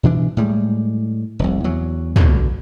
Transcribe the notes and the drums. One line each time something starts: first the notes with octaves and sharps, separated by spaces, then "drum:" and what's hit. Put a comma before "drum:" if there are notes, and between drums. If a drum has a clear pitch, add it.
B2 E3 D4
A2 G3 G#3
F1 C2
E2 F#3
B2 D3, drum: tom